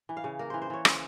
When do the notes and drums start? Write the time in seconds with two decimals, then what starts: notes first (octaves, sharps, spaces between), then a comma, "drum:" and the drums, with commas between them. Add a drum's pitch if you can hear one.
0.09 E3
0.17 F5
0.24 C#3
0.39 A#3 A#4
0.50 E3 C5
0.62 C5
0.70 E3 C#5
0.85 C#3 C5, drum: rim click